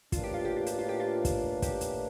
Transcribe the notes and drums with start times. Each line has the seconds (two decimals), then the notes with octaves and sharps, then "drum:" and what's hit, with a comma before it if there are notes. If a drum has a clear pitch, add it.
0.12 A2 E3 A#3 D4 F4, drum: kick, hi-hat
0.23 G4
0.34 F4
0.45 G4
0.56 F4
0.66 G4, drum: hi-hat
0.79 F4
0.89 G4
1.00 F4
1.25 drum: kick, hi-hat
1.62 G4, drum: kick, hi-hat
1.81 drum: hi-hat